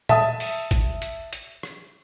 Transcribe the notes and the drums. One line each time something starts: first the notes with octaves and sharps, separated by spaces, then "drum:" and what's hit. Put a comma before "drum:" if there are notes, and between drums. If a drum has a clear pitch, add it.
E5 A5 D#6, drum: tom A#2
drum: open hi-hat
drum: kick, hi-hat
drum: hi-hat
drum: hi-hat
drum: rim click